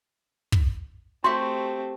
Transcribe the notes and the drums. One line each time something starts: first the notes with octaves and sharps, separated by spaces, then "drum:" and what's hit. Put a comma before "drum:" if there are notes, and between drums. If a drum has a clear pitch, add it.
drum: kick
A3 C4 F#4 G4 E5 C6